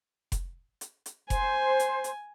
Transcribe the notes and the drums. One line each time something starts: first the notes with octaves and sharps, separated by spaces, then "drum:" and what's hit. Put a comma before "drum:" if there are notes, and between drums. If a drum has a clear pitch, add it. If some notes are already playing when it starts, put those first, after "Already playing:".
drum: kick F1, hi-hat
drum: hi-hat
drum: hi-hat
C5 G#5, drum: kick F1, hi-hat
drum: hi-hat
drum: hi-hat